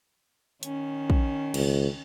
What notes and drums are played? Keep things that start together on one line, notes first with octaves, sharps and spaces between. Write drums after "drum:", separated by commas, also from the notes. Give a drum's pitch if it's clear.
D#3 C#4, drum: hi-hat
drum: kick
C#2, drum: cymbal